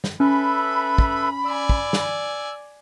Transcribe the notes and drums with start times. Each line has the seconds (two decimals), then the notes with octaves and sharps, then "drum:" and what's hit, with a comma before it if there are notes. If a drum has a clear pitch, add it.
0.04 drum: snare
0.20 C#4 A4 B4 E5 B5
0.98 drum: kick
1.46 D5 G#5 E6
1.69 drum: kick
1.93 drum: snare